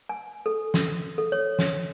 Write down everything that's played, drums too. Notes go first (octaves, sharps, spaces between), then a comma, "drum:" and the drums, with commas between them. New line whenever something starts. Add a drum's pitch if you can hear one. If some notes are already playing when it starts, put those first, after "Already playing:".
G#5
A4
drum: snare
A4
C#5
drum: snare